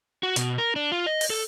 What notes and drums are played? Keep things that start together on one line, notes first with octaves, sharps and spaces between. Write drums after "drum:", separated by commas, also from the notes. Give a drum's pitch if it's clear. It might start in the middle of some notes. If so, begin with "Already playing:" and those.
F#4
B2, drum: hi-hat
A#4
D4
F4
D#5
drum: open hi-hat
A4